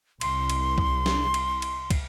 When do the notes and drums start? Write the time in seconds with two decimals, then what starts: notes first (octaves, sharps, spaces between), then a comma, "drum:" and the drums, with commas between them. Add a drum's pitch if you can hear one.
0.21 C2 C6, drum: cymbal
0.50 drum: cymbal
0.78 drum: kick
1.06 drum: snare
1.34 drum: cymbal
1.62 drum: cymbal
1.90 drum: kick, cymbal